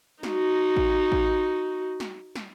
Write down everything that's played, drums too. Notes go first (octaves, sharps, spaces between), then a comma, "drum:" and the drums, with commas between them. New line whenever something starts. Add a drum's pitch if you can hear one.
D#4 F#4, drum: snare
drum: kick A1
drum: kick A1
drum: snare
drum: snare